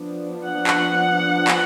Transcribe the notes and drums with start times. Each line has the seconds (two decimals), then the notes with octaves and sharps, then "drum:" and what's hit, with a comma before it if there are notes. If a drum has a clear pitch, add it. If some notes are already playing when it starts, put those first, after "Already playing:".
Already playing: F3 B3 D4
0.46 F#5
0.67 drum: clap
1.48 drum: clap